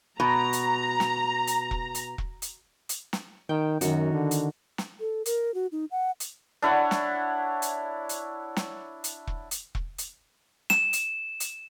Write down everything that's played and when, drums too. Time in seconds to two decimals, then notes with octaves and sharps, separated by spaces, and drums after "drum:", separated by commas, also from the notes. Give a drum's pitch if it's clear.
0.20 B2 A#5
0.53 drum: hi-hat
1.00 drum: snare
1.47 drum: hi-hat
1.71 drum: kick E1
1.95 drum: hi-hat
2.18 drum: kick E1
2.42 drum: hi-hat
2.89 drum: hi-hat
3.13 drum: snare
3.49 D#3 G5
3.81 F#2 D#3 F#4, drum: hi-hat
4.13 D3
4.31 drum: hi-hat
4.78 drum: snare
5.00 A4
5.26 A#4, drum: hi-hat
5.54 F#4
5.72 D#4
5.91 F#5
6.20 drum: hi-hat
6.62 D4 E4 C#5 F#5
6.91 drum: snare
7.62 drum: hi-hat
8.09 drum: hi-hat
8.56 drum: snare
9.04 drum: hi-hat
9.27 drum: kick E1
9.51 drum: hi-hat
9.75 drum: kick E1
9.98 drum: hi-hat
10.70 E7, drum: snare
10.93 drum: hi-hat
11.40 drum: hi-hat